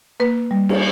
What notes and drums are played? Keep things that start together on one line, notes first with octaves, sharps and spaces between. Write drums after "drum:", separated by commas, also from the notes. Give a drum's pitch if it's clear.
A#3 B4
G3
drum: cymbal